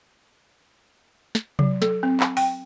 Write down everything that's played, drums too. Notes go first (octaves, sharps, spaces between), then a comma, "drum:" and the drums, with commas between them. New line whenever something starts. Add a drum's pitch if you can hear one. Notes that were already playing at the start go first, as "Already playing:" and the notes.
drum: snare
F#3, drum: tom C3
A4, drum: snare
C4
drum: clap
G5, drum: open hi-hat